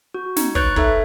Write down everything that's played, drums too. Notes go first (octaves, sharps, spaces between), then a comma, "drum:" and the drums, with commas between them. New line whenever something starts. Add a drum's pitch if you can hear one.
F#4
D#4, drum: snare
B4 C#5 C#6 F#6 G6 A6, drum: kick
D#4 A4 E5, drum: kick